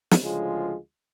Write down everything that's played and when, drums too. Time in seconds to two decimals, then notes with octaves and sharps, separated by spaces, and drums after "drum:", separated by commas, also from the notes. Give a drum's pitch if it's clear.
0.11 drum: snare
0.22 D2 C#3 F3 G#3 F4